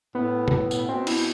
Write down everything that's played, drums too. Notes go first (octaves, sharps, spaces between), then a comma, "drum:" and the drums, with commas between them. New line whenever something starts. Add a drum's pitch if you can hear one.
A2 B3
drum: tom B2
drum: tambourine
B2 C4
E4, drum: cymbal